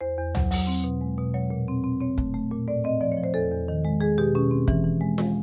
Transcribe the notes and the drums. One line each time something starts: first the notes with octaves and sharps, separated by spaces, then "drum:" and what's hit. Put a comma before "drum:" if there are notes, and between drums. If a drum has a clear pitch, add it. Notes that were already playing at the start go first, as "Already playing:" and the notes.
E2 C5
E2
F#3, drum: tom C2
F#3, drum: open hi-hat
C4
B2
G#3
B2
F#3 C#5
A#2
C4
C4
C4 C#5
A3, drum: kick
A3
A#2
A2 D5
C4 D#5
F3 D5
C#5
F3
C5
E2 A4
E2
D#3
G#3
G#3 G#4
B2 G4
B2 C#4
C4
E3, drum: kick
E3
G#3
G#3, drum: snare F4